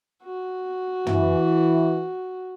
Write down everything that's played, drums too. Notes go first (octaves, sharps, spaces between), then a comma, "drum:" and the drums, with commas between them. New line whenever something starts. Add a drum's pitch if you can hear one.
F#4
E3, drum: tom